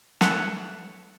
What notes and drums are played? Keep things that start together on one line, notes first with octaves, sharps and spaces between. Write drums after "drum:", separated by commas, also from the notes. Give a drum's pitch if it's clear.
A4 B4 C#5 E5 F#5 A5, drum: snare